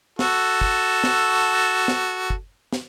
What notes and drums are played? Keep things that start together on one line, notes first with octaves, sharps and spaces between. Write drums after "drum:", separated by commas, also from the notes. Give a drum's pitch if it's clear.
F#4 A4, drum: snare
drum: kick
drum: snare
drum: snare
drum: kick
drum: snare